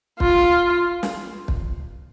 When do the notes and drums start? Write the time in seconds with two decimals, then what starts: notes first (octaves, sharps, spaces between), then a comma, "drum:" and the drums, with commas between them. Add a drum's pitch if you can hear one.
0.20 F4, drum: kick
1.03 drum: snare
1.48 drum: kick